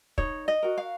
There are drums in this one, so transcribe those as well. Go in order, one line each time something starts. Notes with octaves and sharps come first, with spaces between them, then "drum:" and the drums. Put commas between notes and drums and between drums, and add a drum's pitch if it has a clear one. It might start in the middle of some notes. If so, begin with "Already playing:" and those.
D#4 C#5, drum: kick
D#5
F#4 A#4
F5